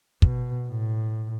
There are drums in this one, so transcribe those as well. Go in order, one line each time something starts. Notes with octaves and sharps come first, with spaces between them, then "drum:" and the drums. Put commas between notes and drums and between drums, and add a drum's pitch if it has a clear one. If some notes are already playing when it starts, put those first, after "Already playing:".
B2, drum: kick
A2